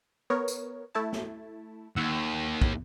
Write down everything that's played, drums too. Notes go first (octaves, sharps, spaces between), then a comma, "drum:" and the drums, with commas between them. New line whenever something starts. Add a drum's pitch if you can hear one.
B3 A#4 C#5
drum: tambourine
A3 E4 A5
drum: snare
D#2 F#5 E6
drum: kick